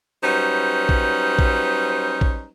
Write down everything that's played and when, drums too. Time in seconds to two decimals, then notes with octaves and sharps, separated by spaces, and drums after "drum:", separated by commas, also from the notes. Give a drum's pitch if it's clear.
0.23 F#3 G3 C#4 D#4 B4 C5
0.89 drum: kick
1.39 drum: kick
2.21 drum: kick